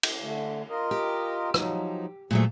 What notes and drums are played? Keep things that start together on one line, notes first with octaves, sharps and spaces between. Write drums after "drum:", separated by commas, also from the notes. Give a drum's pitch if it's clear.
drum: cymbal
D3 A3
F4 A#4 D#5
G4
F3 F#3 D#4, drum: rim click
A#2 F3 F#3 A3 G#4